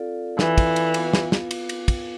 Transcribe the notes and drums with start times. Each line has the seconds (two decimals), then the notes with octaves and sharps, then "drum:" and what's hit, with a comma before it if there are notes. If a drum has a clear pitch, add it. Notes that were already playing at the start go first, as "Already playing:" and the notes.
Already playing: C4 F4 A4 D5 F5
0.39 E3, drum: snare
0.58 drum: kick, cymbal
0.76 drum: cymbal
0.94 B3 F4 B4 F5, drum: cymbal
1.13 drum: snare
1.32 drum: snare
1.51 drum: cymbal
1.69 drum: cymbal
1.88 drum: kick, cymbal